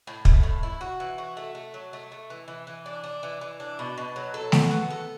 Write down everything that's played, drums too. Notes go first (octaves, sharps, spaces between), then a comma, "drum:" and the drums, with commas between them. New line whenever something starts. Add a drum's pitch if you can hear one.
A2
A3, drum: kick
A2
E4
F#4
E3
F#4
A3
A3
F#3
A3
A3
E3
E3
E3
D4
D4
E3
E3
D4
B2
B2
F#3
A4
F#4, drum: snare A3
B3
A4